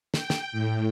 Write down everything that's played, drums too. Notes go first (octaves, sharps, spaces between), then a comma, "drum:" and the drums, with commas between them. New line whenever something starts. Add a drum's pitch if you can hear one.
G5, drum: snare
drum: snare
A2